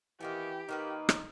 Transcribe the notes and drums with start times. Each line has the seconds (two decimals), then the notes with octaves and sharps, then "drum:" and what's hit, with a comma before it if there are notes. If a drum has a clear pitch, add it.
0.21 D#3 E3 A#3 B3 G4
0.69 D#3 A#3 D#4 B4
1.09 drum: rim click